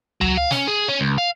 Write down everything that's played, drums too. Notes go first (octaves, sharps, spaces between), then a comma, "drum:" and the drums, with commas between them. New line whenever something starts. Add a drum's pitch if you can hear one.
F#3, drum: tom C#2
F5
C#4, drum: snare
G#4
C#4
C#2
F5